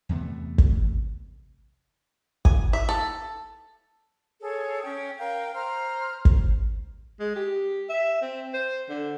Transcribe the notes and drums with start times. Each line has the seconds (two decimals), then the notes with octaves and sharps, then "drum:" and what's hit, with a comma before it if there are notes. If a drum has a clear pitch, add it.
0.09 E2 C3 A3 B3
0.58 drum: kick
2.45 G#5, drum: kick
2.73 E5
2.89 A4
4.42 G#4 A4 C#5
4.82 C#4 G5 G#6
5.18 A#4 F5 G5
5.54 C5 A#5 F6
6.25 drum: kick
7.20 G#3
7.36 G4
7.89 E5
8.21 C4
8.54 C5
8.89 D3